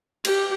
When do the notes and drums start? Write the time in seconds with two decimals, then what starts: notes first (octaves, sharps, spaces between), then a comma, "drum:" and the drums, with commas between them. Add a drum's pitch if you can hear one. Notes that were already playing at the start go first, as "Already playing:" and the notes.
0.25 G4, drum: cymbal